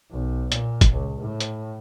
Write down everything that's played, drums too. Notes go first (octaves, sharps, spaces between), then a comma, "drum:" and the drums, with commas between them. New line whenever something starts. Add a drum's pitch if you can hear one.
B1
A#2, drum: hi-hat
drum: kick, hi-hat
C#2
A2
drum: hi-hat